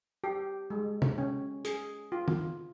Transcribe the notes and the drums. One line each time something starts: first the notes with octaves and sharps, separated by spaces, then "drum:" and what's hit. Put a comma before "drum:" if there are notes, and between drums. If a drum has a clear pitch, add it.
G4
G#3
drum: tom
C#4
G#4, drum: hi-hat
F4
drum: tom D#3